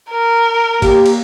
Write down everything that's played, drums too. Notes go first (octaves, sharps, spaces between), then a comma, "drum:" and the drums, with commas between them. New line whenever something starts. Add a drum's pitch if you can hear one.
A#4
A#3 G4, drum: kick G#1, cymbal
drum: cymbal